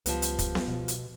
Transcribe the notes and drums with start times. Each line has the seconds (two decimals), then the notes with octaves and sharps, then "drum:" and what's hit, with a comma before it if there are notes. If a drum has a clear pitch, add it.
0.06 C#2 F3 G3 B3, drum: hi-hat
0.22 drum: hi-hat
0.39 drum: kick, hi-hat
0.55 drum: snare B3
0.68 B2
0.88 drum: hi-hat